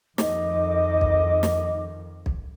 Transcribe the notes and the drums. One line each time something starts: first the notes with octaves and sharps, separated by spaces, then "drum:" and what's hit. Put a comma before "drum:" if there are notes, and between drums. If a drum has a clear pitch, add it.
F2 D#3 D#4 D#5 D6, drum: snare
drum: kick B1
drum: snare
drum: kick B1